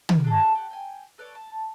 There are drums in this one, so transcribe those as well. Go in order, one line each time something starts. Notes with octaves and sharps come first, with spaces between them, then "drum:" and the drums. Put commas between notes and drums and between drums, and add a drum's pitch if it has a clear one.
drum: tom
D4 G#4 A4
G4 F#5
G5 G#5
A4 B4 C#5 D5
A5